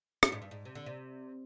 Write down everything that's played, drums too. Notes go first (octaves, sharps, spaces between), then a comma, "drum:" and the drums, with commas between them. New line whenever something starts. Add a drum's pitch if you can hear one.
G2, drum: rim click
G#2
G2
G#2
C3
D3
C3